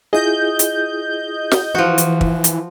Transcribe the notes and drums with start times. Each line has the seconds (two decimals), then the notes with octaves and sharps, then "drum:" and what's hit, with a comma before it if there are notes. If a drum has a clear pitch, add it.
0.13 E4 F4 G#4 D#5 G6
0.59 drum: hi-hat
1.51 drum: snare
1.75 E3 F3 F#4
1.98 drum: hi-hat
2.21 drum: kick
2.44 drum: hi-hat